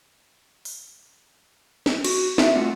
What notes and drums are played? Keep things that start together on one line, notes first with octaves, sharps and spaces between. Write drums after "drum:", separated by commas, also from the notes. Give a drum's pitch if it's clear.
drum: open hi-hat
drum: snare
F#4, drum: cymbal
D#4 F4 F#4 E5, drum: snare
G2 A3 C4 F4 F#5